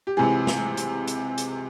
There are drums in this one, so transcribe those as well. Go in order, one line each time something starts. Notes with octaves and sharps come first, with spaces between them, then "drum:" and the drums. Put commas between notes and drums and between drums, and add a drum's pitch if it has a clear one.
G4
C#2 C3 E3 G#4
drum: snare
drum: hi-hat
drum: hi-hat
drum: hi-hat